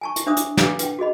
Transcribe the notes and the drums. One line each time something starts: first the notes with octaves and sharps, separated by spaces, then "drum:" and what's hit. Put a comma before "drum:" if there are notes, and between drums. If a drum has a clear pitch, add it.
G#5 A5 C#6
drum: hi-hat
D4 C5 E5 D6 D#6
drum: hi-hat
D4 B4 F5 D6, drum: snare
B4 G5, drum: hi-hat
F#4 G#4 D#5 B5